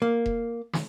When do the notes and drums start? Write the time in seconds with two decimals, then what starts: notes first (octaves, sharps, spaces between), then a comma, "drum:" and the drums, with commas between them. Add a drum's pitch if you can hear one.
0.02 A#3
0.26 drum: kick E1
0.73 drum: snare